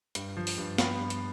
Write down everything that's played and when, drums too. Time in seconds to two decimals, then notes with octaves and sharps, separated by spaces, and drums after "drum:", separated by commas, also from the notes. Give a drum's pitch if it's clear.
0.15 G2, drum: hi-hat
0.37 F3
0.47 drum: open hi-hat
0.58 G2
0.78 B3 F5, drum: snare
1.00 G2
1.10 drum: hi-hat